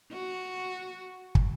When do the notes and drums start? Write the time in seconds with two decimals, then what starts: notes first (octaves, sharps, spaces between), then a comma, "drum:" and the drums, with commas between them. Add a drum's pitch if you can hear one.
0.12 F#4
1.35 drum: kick